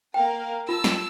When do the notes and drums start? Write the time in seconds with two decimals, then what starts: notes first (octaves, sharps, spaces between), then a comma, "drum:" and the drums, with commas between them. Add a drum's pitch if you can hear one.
0.14 A#3 A#4 F5 G5
0.69 F4 A5 E6
0.84 drum: snare